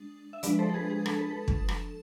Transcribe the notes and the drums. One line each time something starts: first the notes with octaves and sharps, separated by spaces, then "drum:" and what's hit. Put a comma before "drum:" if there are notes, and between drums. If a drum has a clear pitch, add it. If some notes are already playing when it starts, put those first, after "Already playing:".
Already playing: G#3 D4
E5
F3 G#3 D4 B4 D5, drum: hi-hat
A4 C5
A4
G#4 B4
G#4
A4, drum: rim click
B4
A4
drum: kick
drum: rim click